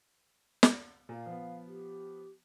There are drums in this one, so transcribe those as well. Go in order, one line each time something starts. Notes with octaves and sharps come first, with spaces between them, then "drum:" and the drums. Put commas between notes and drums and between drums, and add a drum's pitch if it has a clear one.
drum: snare
A#2 F5
F3 B3
G4